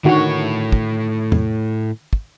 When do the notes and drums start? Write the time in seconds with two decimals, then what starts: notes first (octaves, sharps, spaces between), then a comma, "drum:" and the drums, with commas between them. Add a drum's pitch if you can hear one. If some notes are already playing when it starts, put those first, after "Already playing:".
0.04 A2 D3 D#3 F#4 C#5
0.72 drum: kick
1.32 drum: tom E2
2.13 drum: kick